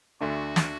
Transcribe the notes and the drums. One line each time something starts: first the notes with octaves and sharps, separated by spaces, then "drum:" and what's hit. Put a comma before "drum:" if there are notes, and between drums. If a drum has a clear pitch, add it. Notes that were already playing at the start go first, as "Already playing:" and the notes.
D2 D3 A3 D4 F#4
drum: snare